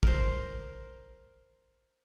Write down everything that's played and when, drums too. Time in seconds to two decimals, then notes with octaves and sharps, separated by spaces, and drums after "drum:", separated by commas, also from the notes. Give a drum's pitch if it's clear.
0.03 A#4 C5, drum: kick